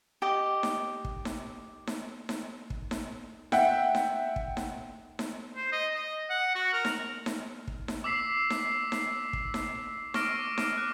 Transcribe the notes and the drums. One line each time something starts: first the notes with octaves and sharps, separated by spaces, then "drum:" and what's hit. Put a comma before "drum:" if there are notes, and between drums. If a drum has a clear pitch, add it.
G4 D#5
drum: snare D#4
drum: kick
drum: snare D#4
drum: snare D#4
drum: snare D#4
drum: kick
drum: snare D#4
E5 F#5 G5, drum: snare D#4
drum: snare D#4
drum: kick
drum: snare D#4
drum: snare D#4
C5
D#5
D#5
F#5
F#4
A#4
drum: snare D#4
drum: snare D#4
drum: kick
drum: snare D#4
D6 E6 B6 C7
drum: snare D#4
drum: snare D#4
drum: kick
drum: snare D#4
C#6 D6 F6 A#6 D7, drum: snare D#4
D6, drum: snare D#4
F#6